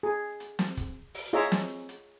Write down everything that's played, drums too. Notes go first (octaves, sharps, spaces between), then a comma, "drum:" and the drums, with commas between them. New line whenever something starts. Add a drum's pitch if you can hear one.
G#4
drum: hi-hat
drum: snare
drum: kick, hi-hat
drum: open hi-hat
F4 G#4 C#5 D#5 E5 A#5
drum: snare
drum: hi-hat